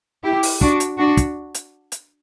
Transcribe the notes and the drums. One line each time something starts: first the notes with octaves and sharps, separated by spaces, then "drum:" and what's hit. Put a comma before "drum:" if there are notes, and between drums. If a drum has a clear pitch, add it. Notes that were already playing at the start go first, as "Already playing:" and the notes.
E4 G4
drum: open hi-hat
D4 F#4, drum: kick
drum: hi-hat
D4 F#4
drum: kick, hi-hat
drum: hi-hat
drum: hi-hat